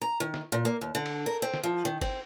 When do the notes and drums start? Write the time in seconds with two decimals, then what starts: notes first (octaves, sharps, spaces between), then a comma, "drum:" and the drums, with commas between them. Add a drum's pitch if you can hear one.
0.02 A#5
0.20 D#3
0.34 drum: snare
0.52 A#2
0.65 A#3
0.81 D#2
0.95 D3
1.06 drum: cymbal
1.26 A#4
1.42 C4
1.54 drum: snare
1.63 F3
1.85 D#3
2.01 C4, drum: kick G1, cymbal